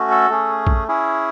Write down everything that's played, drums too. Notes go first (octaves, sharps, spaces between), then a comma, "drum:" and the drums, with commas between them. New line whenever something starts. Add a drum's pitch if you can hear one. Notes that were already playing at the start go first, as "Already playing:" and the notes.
Already playing: A3 C#4 F#4
A4
A3 C#4 G#4
drum: kick
C#4 E4 G#4